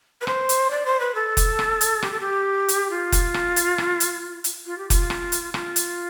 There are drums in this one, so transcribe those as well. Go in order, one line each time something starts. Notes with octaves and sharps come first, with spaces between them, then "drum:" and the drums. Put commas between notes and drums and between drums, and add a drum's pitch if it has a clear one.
B4
C5, drum: rim click
drum: hi-hat
D5
C5
B4
A4
drum: kick F1, hi-hat
drum: rim click
drum: hi-hat
G4, drum: rim click
A4
G4
drum: hi-hat
F4
drum: kick F1, hi-hat
drum: rim click
drum: hi-hat
drum: rim click
drum: hi-hat
drum: hi-hat
F4
G4
F4, drum: kick F1, hi-hat
drum: rim click
drum: hi-hat
F4, drum: rim click
drum: hi-hat